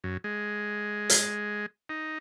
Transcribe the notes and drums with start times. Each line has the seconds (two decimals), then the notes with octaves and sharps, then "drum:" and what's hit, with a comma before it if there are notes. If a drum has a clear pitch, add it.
0.04 F#2
0.24 G#3
1.10 drum: hi-hat
1.89 D#4